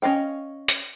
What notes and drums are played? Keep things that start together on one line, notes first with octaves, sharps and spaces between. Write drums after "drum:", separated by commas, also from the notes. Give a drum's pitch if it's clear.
C#4 F4 D#5 F5 G5
drum: hi-hat